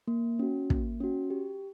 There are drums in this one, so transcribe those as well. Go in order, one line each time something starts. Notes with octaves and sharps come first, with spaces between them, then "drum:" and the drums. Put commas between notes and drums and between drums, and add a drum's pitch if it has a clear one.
A#3
C#4 F#4
A#3, drum: kick
C#4 F#4
G4